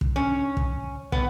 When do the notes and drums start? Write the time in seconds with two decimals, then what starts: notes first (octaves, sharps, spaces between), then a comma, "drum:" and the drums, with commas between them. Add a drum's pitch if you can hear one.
0.01 drum: kick
0.16 C#4
0.57 drum: kick
1.12 B3, drum: kick